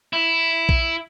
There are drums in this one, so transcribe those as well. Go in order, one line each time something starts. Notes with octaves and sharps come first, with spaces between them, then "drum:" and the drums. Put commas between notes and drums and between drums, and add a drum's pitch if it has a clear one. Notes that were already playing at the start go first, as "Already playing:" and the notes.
E4
drum: kick A#1